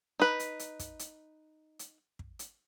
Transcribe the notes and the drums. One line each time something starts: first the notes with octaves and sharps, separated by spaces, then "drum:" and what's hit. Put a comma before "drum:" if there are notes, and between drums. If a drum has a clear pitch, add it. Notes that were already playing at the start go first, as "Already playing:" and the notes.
D#4 B4
drum: hi-hat
drum: hi-hat
drum: kick, hi-hat
drum: hi-hat
drum: hi-hat
drum: kick
drum: hi-hat